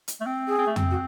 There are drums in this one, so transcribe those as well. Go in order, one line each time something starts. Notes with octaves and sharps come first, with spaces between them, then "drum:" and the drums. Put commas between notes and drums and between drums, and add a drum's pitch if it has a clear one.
drum: hi-hat
A3
C4
G#4
C4
A3
C4, drum: tom F2
F#4